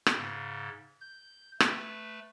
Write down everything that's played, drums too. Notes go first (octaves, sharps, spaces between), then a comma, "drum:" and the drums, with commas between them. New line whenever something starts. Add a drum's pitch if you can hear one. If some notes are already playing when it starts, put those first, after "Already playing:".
drum: rim click
G#2 C#3
G6
A3 B4, drum: rim click